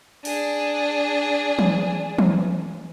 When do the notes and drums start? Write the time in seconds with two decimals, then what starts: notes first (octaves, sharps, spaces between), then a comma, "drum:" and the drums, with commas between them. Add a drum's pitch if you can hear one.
0.25 D4 G#4, drum: open hi-hat
1.59 drum: tom E3
2.19 drum: tom E3